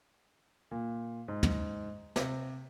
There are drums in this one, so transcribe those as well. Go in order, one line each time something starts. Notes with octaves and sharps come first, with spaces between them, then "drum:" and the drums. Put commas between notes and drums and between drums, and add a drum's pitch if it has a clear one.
A#2
G#2
drum: tom
C3, drum: snare